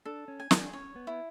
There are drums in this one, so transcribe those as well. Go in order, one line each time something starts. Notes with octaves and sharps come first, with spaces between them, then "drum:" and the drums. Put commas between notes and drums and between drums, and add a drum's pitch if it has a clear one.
D4 A4
C#4
G#5
D4, drum: snare
C#4 C#5
B3
E4